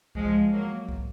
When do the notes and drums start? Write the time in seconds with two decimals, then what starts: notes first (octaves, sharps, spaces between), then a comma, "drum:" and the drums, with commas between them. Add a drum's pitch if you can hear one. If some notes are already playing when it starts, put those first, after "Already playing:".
0.15 F3 G#3, drum: kick C2
0.52 F#3 A#3
0.89 drum: kick C2